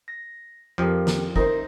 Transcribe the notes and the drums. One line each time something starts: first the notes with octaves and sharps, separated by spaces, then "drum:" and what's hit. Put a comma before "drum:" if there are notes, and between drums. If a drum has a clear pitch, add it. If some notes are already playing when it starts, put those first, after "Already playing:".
A#6
F2 F3 G4 A#4
drum: snare
D#4 E4 A#4 C5 A#6, drum: kick